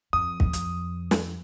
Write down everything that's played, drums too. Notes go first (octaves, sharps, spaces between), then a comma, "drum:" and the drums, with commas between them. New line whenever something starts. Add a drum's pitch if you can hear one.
F2 D#6
drum: kick
drum: hi-hat
drum: snare